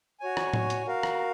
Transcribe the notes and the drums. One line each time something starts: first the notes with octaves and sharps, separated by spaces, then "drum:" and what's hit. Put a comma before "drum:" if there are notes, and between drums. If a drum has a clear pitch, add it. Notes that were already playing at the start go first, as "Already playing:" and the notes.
F#4 C#5 G#5
drum: rim click
drum: tom A2
drum: hi-hat
F#4 A#4 F5
drum: rim click